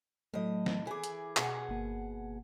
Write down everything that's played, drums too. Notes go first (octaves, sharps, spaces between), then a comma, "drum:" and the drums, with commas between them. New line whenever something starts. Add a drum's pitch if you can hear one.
A2 F#3 A3 D#5
drum: snare
E3 G#4 G#5 D6
drum: hi-hat
B2 G#4 F#5, drum: clap
G1 A#3